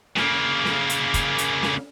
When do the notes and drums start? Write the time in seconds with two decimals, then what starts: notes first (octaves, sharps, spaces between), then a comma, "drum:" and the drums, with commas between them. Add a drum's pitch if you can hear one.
0.17 C#3 A#3, drum: snare
0.65 drum: snare
0.90 drum: hi-hat
1.14 drum: kick, hi-hat
1.38 drum: hi-hat
1.63 drum: snare